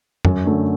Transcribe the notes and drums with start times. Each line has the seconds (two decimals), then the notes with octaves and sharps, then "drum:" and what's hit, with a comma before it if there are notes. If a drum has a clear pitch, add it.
0.25 F#2, drum: tom F2
0.45 D3 F#3 A3